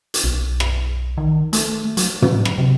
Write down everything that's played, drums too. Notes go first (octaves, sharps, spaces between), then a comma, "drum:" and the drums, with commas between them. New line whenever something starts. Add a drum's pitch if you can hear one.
drum: hi-hat
B1
drum: rim click
D#3
A3, drum: hi-hat
F#3, drum: hi-hat
drum: tom
drum: rim click
C3